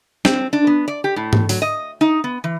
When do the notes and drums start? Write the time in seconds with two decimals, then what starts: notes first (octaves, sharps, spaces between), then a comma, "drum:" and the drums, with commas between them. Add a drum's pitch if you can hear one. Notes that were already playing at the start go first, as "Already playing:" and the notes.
0.25 C4, drum: snare
0.53 D4
0.67 B3
0.88 D5
1.04 G4
1.16 A2
1.33 drum: tom G#2
1.49 F#3, drum: open hi-hat
1.62 D#5
2.01 D#4
2.24 B3
2.44 E3